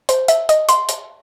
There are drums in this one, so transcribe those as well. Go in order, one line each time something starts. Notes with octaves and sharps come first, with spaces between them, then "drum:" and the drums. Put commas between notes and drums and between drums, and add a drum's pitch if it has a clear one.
C5, drum: hi-hat
E5, drum: hi-hat
D#5, drum: hi-hat
C6, drum: hi-hat
drum: hi-hat